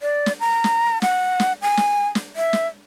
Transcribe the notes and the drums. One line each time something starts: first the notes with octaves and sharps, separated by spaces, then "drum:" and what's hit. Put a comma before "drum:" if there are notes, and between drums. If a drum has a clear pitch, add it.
D5
drum: snare
A#5
drum: snare
F#5, drum: snare
drum: snare
G#5
drum: snare
drum: snare
E5
drum: snare